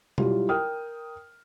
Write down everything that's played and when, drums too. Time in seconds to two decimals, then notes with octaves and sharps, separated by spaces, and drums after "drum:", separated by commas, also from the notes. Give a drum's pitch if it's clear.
0.18 F#3 G3 E4 F4 G4, drum: tom B2
0.49 A#4 G5 D#6 F6